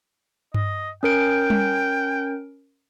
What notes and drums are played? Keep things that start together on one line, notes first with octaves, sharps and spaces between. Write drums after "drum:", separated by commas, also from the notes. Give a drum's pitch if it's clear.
D#5, drum: tom G2
C#4 A#4 G5 D7
drum: tom G3